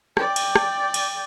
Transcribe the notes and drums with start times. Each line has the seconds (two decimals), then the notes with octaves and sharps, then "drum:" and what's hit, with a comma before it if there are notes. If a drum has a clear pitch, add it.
0.17 D5 G5, drum: rim click
0.36 drum: cymbal
0.55 drum: rim click
0.94 drum: cymbal